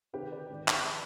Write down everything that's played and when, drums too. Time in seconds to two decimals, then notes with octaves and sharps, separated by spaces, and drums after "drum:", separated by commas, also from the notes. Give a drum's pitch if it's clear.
0.13 D2 C3 D#3 G4 B4
0.32 B4 D5
0.50 G#1 G#2 D#3
0.68 drum: clap
0.85 D3 F3